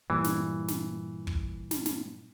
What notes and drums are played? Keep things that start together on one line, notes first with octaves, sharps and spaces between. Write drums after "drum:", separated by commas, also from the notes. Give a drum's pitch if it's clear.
G2 A#2 E3 G3
drum: snare
drum: snare
drum: kick
drum: snare
drum: snare